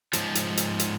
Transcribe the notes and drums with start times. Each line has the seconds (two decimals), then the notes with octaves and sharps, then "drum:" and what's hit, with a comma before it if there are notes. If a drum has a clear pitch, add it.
0.13 G#2 F3, drum: hi-hat
0.35 drum: hi-hat
0.57 drum: hi-hat
0.79 drum: hi-hat